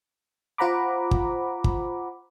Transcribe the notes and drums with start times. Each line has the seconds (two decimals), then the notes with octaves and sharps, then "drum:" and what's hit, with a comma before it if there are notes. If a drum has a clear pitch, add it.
0.58 F4 C5 F#5 A#5 B5 D6
1.11 drum: kick
1.64 drum: kick